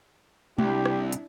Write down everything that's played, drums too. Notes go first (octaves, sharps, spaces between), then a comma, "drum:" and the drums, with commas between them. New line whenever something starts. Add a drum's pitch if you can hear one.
C2 D4 E4 G4, drum: tom G#3
drum: rim click
drum: hi-hat